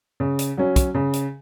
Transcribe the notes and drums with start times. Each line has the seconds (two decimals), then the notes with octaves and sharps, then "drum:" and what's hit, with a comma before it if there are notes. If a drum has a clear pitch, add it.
0.20 C#3
0.39 drum: hi-hat
0.57 F#3 C#4
0.76 drum: kick, hi-hat
0.95 C#3
1.13 drum: hi-hat